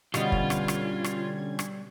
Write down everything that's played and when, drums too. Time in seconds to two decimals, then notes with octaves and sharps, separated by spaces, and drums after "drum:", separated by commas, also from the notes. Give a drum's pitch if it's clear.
0.14 B2 D3 G3 B3 C#4 F4 G#6, drum: rim click
0.32 drum: kick
0.50 drum: rim click
0.68 drum: rim click
1.04 drum: rim click
1.59 drum: rim click